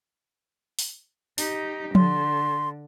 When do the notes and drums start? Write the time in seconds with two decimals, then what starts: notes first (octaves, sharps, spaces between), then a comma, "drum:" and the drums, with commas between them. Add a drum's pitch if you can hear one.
0.79 drum: open hi-hat
1.38 D#4 G4, drum: open hi-hat
1.95 D3 C6, drum: tom F3